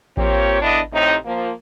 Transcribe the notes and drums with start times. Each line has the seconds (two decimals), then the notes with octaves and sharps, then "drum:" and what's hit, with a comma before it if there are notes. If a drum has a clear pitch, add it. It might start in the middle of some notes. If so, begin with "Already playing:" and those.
0.17 A#3 C4 F4 G4 C#5, drum: kick A1
0.62 E2 D3 B3 D4 E4 D#5
0.92 A2 C3 D#4
1.25 F3 A#3